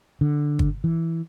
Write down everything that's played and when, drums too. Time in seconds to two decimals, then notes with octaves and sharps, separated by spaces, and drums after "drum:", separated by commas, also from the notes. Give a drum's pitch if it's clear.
0.21 D3
0.59 drum: kick
0.84 E3